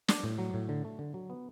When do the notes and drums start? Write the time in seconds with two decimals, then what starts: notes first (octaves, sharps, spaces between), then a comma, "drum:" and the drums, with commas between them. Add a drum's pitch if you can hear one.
0.08 D4, drum: snare
0.23 A2
0.38 F#3
0.54 A2
0.69 D3
0.85 A3
0.99 D3
1.14 F#3
1.30 B3